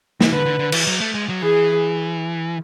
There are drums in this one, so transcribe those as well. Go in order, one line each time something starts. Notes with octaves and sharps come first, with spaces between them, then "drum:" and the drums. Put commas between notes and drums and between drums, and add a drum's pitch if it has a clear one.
E3, drum: snare
D3 B4
D3
D3
E3, drum: cymbal
F#3
A3
G#3
F#3
E3 G#4